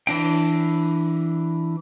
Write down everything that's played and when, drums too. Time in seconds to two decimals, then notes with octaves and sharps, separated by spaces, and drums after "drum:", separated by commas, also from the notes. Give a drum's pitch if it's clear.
0.07 E3 D4 G5, drum: open hi-hat